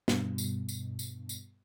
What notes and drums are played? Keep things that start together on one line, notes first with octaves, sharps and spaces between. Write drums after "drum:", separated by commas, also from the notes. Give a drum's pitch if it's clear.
G2 B2, drum: snare
drum: tambourine
drum: tambourine
drum: tambourine
drum: tambourine